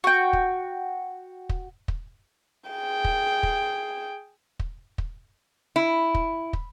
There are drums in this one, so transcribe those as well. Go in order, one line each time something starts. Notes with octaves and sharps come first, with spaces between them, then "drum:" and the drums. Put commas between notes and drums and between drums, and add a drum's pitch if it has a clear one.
F#4 G5
drum: kick
drum: kick
drum: kick
G#4 G5
drum: kick
drum: kick
drum: kick
drum: kick
E4
drum: kick
drum: kick